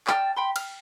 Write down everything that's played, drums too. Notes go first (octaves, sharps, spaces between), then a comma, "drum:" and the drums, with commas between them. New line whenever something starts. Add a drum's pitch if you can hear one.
D5 G5 A5 F6, drum: clap
G5 B5 C6
F6, drum: cymbal